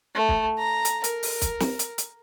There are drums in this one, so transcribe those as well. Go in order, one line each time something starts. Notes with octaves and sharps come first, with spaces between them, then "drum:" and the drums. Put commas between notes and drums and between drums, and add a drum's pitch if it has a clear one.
A3
drum: kick
A#5
drum: hi-hat
A#4, drum: hi-hat
drum: open hi-hat
drum: kick, hi-hat
drum: snare
drum: hi-hat
drum: hi-hat